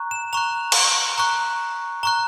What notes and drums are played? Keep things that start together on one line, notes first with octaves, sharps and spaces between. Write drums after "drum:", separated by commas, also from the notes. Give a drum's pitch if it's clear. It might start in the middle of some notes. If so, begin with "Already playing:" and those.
Already playing: A#5 C#6 F#6
E7
A#5 C#6 F#6 F7
drum: cymbal
A#5 C#6 F#6
A#5 C#6 F#6 G7